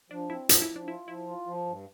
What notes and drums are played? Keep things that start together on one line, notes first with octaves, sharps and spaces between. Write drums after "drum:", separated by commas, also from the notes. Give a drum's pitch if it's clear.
F3 D4
C4 E4
F3 F4, drum: hi-hat
E4
F3
D4
E4 F4
F3 E4
F4
F3
G2